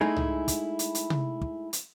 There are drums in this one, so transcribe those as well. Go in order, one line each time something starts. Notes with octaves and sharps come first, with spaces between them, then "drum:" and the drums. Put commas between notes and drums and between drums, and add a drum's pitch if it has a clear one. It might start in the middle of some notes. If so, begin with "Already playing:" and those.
G#3 A3 D#4 E4 G#4
drum: tom C2
drum: kick, hi-hat
drum: hi-hat
drum: hi-hat
drum: tom C3
drum: kick
drum: hi-hat